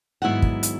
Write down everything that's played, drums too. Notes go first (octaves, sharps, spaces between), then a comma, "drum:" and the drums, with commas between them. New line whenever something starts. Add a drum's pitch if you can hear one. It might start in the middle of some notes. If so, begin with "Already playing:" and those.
G#2 D#3 F#3 B3 E4 F#5
drum: kick
drum: hi-hat